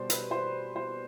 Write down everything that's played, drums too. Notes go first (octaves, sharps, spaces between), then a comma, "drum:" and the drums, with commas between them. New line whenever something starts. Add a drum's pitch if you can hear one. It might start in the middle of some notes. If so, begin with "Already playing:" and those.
Already playing: B2 G3 C5 D5
B4, drum: hi-hat
C5
C5